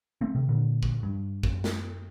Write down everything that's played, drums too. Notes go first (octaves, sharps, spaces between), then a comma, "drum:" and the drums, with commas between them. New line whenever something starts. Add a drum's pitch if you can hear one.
A3 C4
C3 D#3
A#2 D3
drum: kick
G2
F#2, drum: kick
drum: snare